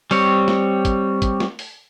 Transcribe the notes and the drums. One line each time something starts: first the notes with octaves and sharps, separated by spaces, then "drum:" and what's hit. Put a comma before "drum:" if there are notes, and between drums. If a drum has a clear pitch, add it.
G3 C4 C#5, drum: open hi-hat
drum: snare
drum: kick, hi-hat
drum: kick, hi-hat
drum: snare
drum: open hi-hat